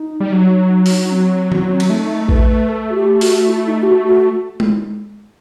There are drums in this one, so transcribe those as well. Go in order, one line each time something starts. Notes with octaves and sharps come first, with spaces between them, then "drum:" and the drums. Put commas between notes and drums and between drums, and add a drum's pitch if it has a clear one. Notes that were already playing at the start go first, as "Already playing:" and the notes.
Already playing: D#4
G3
F#3
drum: open hi-hat
D#4
C4
drum: tom D#3
drum: cymbal
A3 D#4
B4, drum: kick A#1
A4
F#4
G4
F#4, drum: open hi-hat
E4
D#4
G4
F#4
F#4
drum: tom G#3